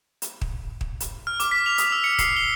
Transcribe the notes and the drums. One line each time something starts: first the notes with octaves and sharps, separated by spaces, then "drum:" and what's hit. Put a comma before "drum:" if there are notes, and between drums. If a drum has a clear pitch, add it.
drum: hi-hat
drum: kick
drum: kick
drum: hi-hat
F6
D6, drum: hi-hat
B6
F7
D#6, drum: hi-hat
E6
C#7
C7, drum: kick, hi-hat
G7